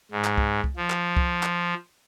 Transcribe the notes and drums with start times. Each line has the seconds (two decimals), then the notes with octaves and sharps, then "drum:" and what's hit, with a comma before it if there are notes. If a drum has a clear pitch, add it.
0.11 G#2
0.24 drum: clap
0.38 drum: kick C2
0.64 drum: kick C2
0.77 F3
0.90 drum: clap
1.17 drum: kick C2
1.43 drum: clap